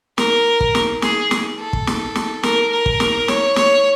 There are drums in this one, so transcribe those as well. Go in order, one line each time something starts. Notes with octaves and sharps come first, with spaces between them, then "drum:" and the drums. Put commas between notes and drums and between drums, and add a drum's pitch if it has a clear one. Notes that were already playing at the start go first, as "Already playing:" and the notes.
A#4, drum: snare
drum: kick
drum: snare
G#4, drum: snare
drum: snare
A4
drum: kick
drum: snare
drum: snare
A#4, drum: snare
A#4
drum: kick
drum: snare
C#5, drum: snare
C#5, drum: snare